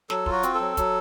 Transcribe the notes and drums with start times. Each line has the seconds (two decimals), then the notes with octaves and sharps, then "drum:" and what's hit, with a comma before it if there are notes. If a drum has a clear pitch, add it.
0.10 F#3 A4, drum: snare
0.26 F4, drum: kick
0.31 F#4
0.43 C4, drum: hi-hat
0.54 A4
0.60 F#3
0.77 F#3, drum: kick, hi-hat